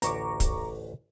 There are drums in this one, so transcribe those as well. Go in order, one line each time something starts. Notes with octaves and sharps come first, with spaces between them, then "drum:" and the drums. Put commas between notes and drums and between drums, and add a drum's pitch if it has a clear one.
A1 D2 E5 A#5 C#6 D6, drum: hi-hat
drum: kick, hi-hat